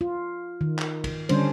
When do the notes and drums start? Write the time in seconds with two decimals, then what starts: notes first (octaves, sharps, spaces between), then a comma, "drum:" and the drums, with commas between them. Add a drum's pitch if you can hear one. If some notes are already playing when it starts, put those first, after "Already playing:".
0.01 F4
0.61 D#3
0.79 drum: clap
1.04 drum: kick, cymbal
1.29 D3 G3 C#4 D4 C5, drum: cymbal